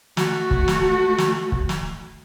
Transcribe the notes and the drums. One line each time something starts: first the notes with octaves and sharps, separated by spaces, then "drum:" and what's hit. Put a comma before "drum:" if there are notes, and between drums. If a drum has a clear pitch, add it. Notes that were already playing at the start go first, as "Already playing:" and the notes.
A3 F#4, drum: snare
drum: kick
drum: snare
drum: snare
drum: kick
drum: snare